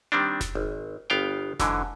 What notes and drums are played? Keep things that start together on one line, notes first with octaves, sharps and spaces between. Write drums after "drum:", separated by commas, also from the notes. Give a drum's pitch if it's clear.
D#3 G3 C4 D4
drum: snare F1
G#1
G1 B3 F5 G5
G#2 D3 E3 F#3, drum: snare F1